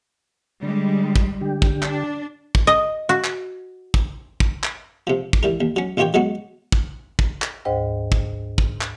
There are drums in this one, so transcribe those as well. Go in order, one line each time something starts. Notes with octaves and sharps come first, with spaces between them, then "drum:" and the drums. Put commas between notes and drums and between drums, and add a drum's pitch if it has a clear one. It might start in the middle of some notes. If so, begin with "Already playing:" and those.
D3 G3 G#3
drum: kick
D3 G4
drum: kick
D4, drum: clap
drum: kick
D#5
F#4
drum: clap
drum: kick
drum: kick
drum: clap
C3 F3
drum: kick
E3 G3 A#4
D#2
F#3 C#4
A1 D#3 F4 G4 C#5 G5
F#3 G#3 B3 D#4 F#4
drum: kick
drum: kick
drum: clap
D2 G#2 C5 D#5 G5
drum: kick
drum: kick
drum: clap